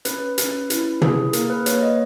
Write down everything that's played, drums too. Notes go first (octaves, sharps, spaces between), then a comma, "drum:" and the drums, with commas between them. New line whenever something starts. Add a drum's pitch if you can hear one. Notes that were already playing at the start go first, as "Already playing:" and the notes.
C#4 B4, drum: hi-hat
C#4, drum: hi-hat
E4, drum: hi-hat
G#4, drum: tom
A#3 A#4, drum: hi-hat
B4
A#3 C#5, drum: hi-hat
D#5